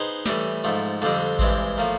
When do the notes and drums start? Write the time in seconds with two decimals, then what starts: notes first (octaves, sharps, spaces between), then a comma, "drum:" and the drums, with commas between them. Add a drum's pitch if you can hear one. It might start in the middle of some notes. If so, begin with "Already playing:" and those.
Already playing: B3 D#4 G#4 C5
0.26 A2 E3 G3, drum: snare
0.64 G#2 F3 A3
1.02 F2 D3 G3 C4
1.39 G2 E3 G#3 C4, drum: kick A1
1.78 A2 F3 A#3